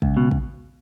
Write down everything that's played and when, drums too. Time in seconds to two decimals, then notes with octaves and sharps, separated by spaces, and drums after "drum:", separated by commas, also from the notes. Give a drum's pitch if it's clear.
0.02 C#2, drum: kick
0.17 B2
0.31 drum: kick